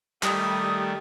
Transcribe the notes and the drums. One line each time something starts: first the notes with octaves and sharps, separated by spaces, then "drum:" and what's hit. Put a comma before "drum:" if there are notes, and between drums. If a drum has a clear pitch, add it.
D#3 G3 A3 G4 D#6, drum: clap